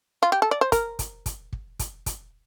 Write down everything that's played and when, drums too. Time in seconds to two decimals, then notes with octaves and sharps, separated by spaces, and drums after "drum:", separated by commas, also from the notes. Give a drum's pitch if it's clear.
0.23 F4
0.32 G4
0.42 A4
0.51 D5
0.61 C5
0.72 A#4, drum: kick, hi-hat
0.99 drum: kick, hi-hat
1.26 drum: kick, hi-hat
1.53 drum: kick
1.79 drum: kick, hi-hat
2.06 drum: kick, hi-hat